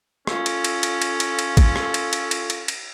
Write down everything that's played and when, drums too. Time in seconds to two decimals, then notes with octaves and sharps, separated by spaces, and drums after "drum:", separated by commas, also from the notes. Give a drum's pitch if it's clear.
0.27 C#4 F4 A4, drum: rim click
0.46 drum: cymbal
0.64 drum: cymbal
0.83 drum: cymbal
1.02 drum: cymbal
1.20 drum: cymbal
1.39 drum: cymbal
1.57 drum: kick, cymbal
1.76 drum: rim click
1.94 drum: cymbal
2.13 drum: cymbal
2.31 drum: cymbal
2.50 drum: cymbal
2.68 drum: cymbal